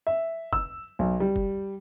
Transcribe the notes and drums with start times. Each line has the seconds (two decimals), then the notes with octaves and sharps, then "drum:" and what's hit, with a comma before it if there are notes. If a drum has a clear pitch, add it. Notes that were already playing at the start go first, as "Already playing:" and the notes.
0.07 E5
0.53 E6, drum: kick
0.99 B1
1.20 G3
1.36 drum: kick